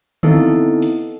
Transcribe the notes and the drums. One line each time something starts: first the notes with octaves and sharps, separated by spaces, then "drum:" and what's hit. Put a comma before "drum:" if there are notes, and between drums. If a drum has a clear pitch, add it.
B3 C4 D#4 E4 A4, drum: tom D3
drum: hi-hat